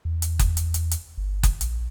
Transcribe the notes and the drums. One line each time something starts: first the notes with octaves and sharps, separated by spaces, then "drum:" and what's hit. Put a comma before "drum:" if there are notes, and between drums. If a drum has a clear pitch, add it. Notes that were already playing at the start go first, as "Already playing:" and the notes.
E2
drum: hi-hat
drum: kick F#1, hi-hat
drum: hi-hat
drum: hi-hat
drum: hi-hat
G1
drum: kick F#1, hi-hat
A#1, drum: hi-hat